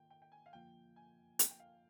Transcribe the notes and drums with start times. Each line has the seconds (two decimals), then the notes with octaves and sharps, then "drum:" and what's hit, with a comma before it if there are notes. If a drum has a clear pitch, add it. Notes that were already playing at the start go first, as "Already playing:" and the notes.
Already playing: D#3 A#3 F4 G5
0.10 G5
0.22 G5
0.32 G#5
0.46 F5
0.53 D3 F3 A#3 F4 G5
0.96 G#5
1.39 G5, drum: hi-hat
1.51 G5
1.60 F5